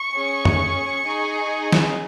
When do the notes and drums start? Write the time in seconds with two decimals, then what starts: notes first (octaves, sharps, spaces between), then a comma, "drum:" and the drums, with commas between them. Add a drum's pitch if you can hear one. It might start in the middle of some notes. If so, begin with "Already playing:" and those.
Already playing: C#6
0.15 C#4 G#4
0.45 drum: tom F2
1.04 D#4 G#4
1.72 drum: snare